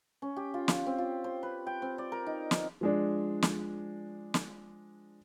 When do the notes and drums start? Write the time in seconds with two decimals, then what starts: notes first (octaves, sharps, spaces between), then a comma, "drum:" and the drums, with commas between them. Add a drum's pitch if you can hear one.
0.22 C#4
0.36 G4
0.54 F4
0.68 drum: snare
0.87 C4
0.98 F4
1.24 C5
1.43 B4
1.67 G5
1.82 C4
1.98 D5
2.12 A#4
2.26 D#4
2.51 drum: snare
2.81 F3 G#3 D4
3.42 drum: snare
4.34 drum: snare